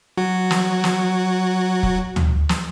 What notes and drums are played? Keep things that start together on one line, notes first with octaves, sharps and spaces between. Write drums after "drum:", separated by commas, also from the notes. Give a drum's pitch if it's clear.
F#3 F#4
drum: snare
drum: snare
drum: kick
drum: tom
drum: snare